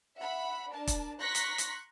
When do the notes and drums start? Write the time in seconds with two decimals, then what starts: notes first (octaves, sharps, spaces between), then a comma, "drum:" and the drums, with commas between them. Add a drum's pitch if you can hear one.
0.17 E5 F#5 B5
0.69 D4 A#4 A5
0.87 drum: kick, hi-hat
1.20 A#5 C6 C#6 F#6 A#6 B6
1.35 drum: hi-hat
1.58 drum: hi-hat